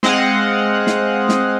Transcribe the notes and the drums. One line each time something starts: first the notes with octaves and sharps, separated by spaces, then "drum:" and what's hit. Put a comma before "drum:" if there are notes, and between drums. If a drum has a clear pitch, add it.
G#3 C4 D#5 F5 F#5, drum: snare
drum: snare
drum: snare